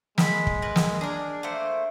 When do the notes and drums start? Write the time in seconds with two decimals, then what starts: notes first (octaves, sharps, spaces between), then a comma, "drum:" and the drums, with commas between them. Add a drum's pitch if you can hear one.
0.18 G#3 B5, drum: snare
0.47 drum: kick
0.62 A#4 B4
0.76 drum: snare
1.01 D4 G#4 A#4
1.43 A3 A#3 C5